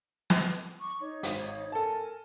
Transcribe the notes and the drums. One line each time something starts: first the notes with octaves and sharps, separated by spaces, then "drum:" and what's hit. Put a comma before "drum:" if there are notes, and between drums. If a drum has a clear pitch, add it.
drum: snare
C#6 D6
D#4 C#5
G#1, drum: hi-hat
A4 A#4 G#5 A5